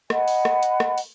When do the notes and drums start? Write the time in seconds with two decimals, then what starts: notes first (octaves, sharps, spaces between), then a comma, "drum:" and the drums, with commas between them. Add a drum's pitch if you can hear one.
0.10 D#5 F#5 G#5 B5, drum: rim click
0.28 drum: open hi-hat
0.45 drum: rim click
0.63 drum: hi-hat
0.80 drum: rim click
0.98 drum: open hi-hat